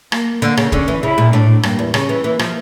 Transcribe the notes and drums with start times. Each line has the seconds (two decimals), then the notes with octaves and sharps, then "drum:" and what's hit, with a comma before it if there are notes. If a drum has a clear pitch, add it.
0.12 A#3, drum: rim click
0.42 D3 A#3
0.57 C#3, drum: rim click
0.72 D3 C#4, drum: kick
0.88 E3
1.03 C#3 E4
1.18 A#2
1.33 A2 D4
1.63 G2 A#3, drum: rim click
1.79 E2
1.94 C#3 C#4, drum: rim click
2.09 E3
2.24 E3 A#3
2.39 F3, drum: rim click